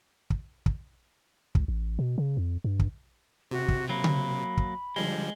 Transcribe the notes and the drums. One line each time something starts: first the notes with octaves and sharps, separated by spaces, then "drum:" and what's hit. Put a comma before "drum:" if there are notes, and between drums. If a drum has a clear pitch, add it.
drum: kick
drum: kick
C#2, drum: kick
A1
B2
C#3
F2
G2
drum: kick
C3 F#4
drum: kick
F#3 A#3 B5
drum: tom C#3
drum: kick
D3 F3 G3 G#3